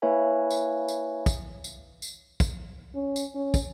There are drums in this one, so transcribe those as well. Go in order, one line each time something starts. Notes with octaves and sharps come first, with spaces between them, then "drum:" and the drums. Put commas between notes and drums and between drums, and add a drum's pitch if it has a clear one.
A#3 E4 B4 C#5 E5 G#5
drum: tambourine
drum: tambourine
drum: kick, tambourine
drum: tambourine
drum: tambourine
drum: kick, tambourine
C#4
drum: tambourine
C#4
drum: kick, tambourine